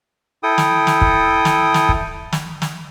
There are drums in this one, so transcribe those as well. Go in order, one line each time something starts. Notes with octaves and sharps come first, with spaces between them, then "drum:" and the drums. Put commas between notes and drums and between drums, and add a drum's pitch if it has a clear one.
E4 A4 G5 D#6
drum: snare
drum: snare
drum: kick
drum: snare
drum: snare
drum: kick
drum: snare
drum: snare